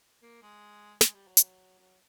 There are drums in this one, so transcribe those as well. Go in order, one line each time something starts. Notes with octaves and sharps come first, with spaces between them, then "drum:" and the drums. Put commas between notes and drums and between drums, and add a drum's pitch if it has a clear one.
A#3
G#3
G#3, drum: snare
G3
F#3
drum: hi-hat
F#3